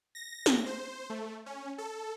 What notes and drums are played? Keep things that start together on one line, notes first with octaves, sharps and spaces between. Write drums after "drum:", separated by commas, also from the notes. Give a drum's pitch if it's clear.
A#6
drum: snare
C5
A3
C#4
A4